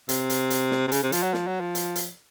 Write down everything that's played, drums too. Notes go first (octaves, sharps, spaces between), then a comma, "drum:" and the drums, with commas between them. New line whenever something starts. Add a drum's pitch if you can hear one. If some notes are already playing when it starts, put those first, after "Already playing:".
C3, drum: hi-hat
drum: hi-hat
drum: hi-hat
drum: snare
C3
C#3, drum: hi-hat
C3
F3, drum: hi-hat
F#3
F3, drum: snare
F#3
F3
drum: hi-hat
drum: hi-hat